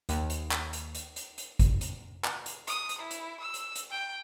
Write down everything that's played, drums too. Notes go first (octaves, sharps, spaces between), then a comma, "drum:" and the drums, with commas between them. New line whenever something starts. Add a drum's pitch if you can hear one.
D#2, drum: hi-hat
drum: hi-hat
drum: clap
drum: hi-hat
drum: hi-hat
drum: hi-hat
drum: hi-hat
drum: kick, hi-hat
drum: hi-hat
drum: clap
drum: hi-hat
D#6, drum: hi-hat
drum: hi-hat
E4
drum: hi-hat
E6
drum: hi-hat
drum: hi-hat
G5